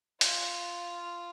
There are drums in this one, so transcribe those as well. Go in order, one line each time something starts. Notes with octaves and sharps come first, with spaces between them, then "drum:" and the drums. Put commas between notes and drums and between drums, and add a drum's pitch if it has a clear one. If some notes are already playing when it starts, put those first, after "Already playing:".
F4, drum: hi-hat